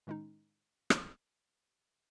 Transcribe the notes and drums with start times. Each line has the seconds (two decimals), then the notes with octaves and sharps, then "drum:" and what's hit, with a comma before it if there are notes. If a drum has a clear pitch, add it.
0.07 A2 D#3 G#3 C#4 D#4
0.90 drum: rim click